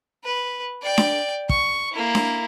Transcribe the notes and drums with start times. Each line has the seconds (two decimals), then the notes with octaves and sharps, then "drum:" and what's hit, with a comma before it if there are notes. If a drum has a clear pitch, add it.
0.24 B4
0.83 D5 G5
0.98 drum: snare D4
1.49 C#6, drum: kick
1.92 A#3 E4
2.15 drum: snare D4